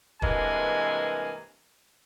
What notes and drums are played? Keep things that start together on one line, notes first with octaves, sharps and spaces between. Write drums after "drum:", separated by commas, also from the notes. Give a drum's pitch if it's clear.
G2 C3 E3 G#3 A#3 G#5, drum: kick